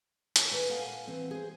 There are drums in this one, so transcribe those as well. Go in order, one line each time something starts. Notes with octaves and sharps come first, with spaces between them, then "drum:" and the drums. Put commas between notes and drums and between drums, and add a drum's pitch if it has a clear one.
D#2 C#5, drum: hi-hat
G#4 B4 G#5
A#2 A4 F5 F#5 G#5
E3 C4
G#4 C5